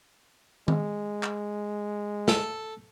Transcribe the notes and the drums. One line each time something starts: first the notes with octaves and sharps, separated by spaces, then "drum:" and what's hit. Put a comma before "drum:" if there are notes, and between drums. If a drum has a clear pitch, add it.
G#3, drum: tom D#3
drum: clap
A4, drum: snare